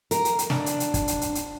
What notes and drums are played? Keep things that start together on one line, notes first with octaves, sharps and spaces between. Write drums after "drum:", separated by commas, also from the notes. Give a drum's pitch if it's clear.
A#4, drum: hi-hat
drum: hi-hat
drum: hi-hat
D4, drum: snare
drum: hi-hat
drum: hi-hat
drum: kick, hi-hat
drum: hi-hat
drum: hi-hat
drum: hi-hat